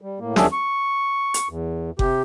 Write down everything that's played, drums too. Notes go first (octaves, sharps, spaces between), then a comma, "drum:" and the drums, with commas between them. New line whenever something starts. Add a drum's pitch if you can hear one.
G3
A2 A#3
E2 D#3 F#3 D4 G#4 E5, drum: snare
C#6
drum: hi-hat
E2
C3 G4, drum: kick F#1